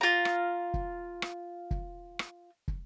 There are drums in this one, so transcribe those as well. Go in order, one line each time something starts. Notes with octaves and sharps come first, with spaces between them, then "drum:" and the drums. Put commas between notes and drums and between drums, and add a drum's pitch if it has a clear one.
F4 A#5
drum: rim click
drum: kick
drum: rim click
drum: kick
drum: rim click
drum: kick